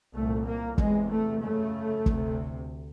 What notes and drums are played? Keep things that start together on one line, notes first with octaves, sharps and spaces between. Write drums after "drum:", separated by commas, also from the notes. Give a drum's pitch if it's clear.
C2 A#2 A3
A#3
E2 C3 G#3, drum: kick
A3
F#2 C#3 A3
D2 C3, drum: kick